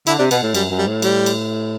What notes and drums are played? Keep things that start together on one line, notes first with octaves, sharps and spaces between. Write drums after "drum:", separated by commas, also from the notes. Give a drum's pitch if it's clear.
D3 E4, drum: cymbal
C3 D4
B2 B3, drum: cymbal
A2
F#2 G3, drum: cymbal
F#2
G3
A2
G3, drum: cymbal
drum: cymbal